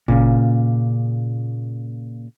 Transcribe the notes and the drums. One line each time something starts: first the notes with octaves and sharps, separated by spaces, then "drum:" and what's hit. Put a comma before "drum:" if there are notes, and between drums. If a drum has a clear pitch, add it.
A#2 C#3, drum: kick G1